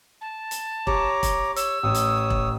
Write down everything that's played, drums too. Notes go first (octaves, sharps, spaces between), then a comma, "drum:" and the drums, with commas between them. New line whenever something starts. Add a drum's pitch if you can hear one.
A5
drum: hi-hat
G4 C#5 A#5 D6, drum: kick E1
drum: kick E1, hi-hat
C#5 E6, drum: hi-hat
A1 C#5 D#6
drum: hi-hat
drum: kick E1